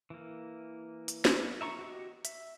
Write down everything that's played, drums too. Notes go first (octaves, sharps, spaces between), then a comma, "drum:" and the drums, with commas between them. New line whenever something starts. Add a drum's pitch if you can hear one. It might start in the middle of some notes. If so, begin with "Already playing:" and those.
E3 A#3
drum: hi-hat
drum: snare
E5 A#5 C#6
F#4 G4 D#5
E5, drum: hi-hat